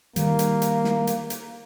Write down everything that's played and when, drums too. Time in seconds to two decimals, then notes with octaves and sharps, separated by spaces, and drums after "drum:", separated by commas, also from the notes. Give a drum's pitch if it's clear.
0.16 D#3 G3 A#3, drum: hi-hat
0.39 drum: hi-hat
0.62 drum: hi-hat
0.84 drum: snare
1.07 drum: hi-hat
1.30 drum: hi-hat